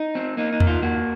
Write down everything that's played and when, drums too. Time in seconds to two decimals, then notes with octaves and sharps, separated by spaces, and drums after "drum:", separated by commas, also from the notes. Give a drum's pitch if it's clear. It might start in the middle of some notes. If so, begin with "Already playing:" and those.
Already playing: D#4
0.15 C4
0.37 A#3 D#4
0.52 D#4
0.60 D#3, drum: tom E2
0.67 F4
0.82 A#3 F#4